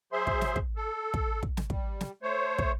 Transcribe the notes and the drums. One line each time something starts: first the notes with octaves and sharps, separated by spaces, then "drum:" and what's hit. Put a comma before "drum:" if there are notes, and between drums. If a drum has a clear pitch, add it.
F#3 G#4 C5 E5 C6
drum: kick
drum: snare
drum: kick
A4
drum: kick
drum: kick
drum: snare
G3, drum: kick
drum: snare
A3 C5 C#5
drum: kick